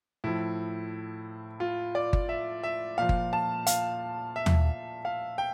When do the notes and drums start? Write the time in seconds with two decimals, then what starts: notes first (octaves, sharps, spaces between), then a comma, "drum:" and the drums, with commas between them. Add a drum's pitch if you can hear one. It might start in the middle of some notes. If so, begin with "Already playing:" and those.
0.24 A2 F3 E4
1.60 F4
1.95 D5
2.13 drum: kick G1
2.29 E5
2.63 E5
2.98 A#2 F3 F5
3.09 drum: kick G1
3.33 A5
3.67 F5, drum: hi-hat
4.36 E5
4.46 drum: tom D#2
5.05 F5
5.38 G5